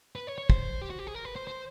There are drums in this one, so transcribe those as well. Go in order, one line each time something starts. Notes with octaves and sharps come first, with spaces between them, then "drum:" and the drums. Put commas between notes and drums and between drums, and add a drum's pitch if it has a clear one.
B4
C#5
C#5
C5, drum: kick
G4
F#4
G4
G#4
A#4
B4
C5
C5